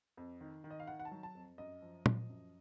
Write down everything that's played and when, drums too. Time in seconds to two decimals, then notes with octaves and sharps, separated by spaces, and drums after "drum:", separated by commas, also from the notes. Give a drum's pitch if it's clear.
0.17 F2
0.41 D#3
0.64 D#3
0.71 D#5
0.80 F5
0.87 D#3 F#5
1.00 F#5
1.05 A5
1.11 F#3
1.23 A5
1.35 F2
1.58 F#2 D#5
1.82 F3
2.06 F3, drum: tom
2.29 F#2